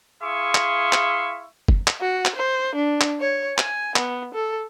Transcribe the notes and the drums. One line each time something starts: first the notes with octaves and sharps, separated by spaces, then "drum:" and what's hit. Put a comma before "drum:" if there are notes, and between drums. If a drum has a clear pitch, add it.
E4 G#4 E5 F5 C6 C#6
drum: clap
drum: clap
drum: kick F#1
drum: clap
F#4
drum: clap
C5
D4
drum: clap
C#5
G#5, drum: clap
B3, drum: clap
A4